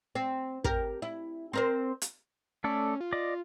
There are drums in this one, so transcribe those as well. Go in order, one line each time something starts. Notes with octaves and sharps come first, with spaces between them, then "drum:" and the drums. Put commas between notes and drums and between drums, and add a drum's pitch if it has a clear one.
C4
G4 A#4, drum: kick
E4
C4 A#4 C5
drum: hi-hat
A3 C#4 A4 D5
F4
D5 D#5 D6